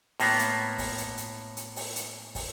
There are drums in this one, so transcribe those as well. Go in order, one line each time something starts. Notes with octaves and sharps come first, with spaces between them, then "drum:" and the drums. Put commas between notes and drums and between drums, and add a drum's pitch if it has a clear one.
A2 A#3 B3, drum: open hi-hat
drum: hi-hat
drum: kick, open hi-hat
drum: hi-hat
drum: hi-hat
drum: hi-hat
drum: open hi-hat
drum: hi-hat
drum: kick, open hi-hat